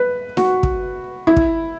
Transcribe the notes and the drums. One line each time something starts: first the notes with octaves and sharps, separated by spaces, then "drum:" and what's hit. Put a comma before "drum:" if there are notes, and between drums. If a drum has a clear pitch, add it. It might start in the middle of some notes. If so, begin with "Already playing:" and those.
Already playing: B4
F#4, drum: snare D#4
drum: kick
E4
drum: kick